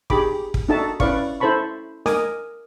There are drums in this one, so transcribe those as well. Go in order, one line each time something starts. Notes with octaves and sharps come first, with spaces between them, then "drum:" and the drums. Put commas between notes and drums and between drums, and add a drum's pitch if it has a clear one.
D#4 G4 G#4 B5 D6, drum: kick
drum: kick
D4 D#4 F#4 A4 E5 A5
C#4 E4 B4 D5 F5 C#6, drum: kick
E4 A4 C5 A5 B5 C#6
A#4 D#5 G#5 D6 D#6, drum: snare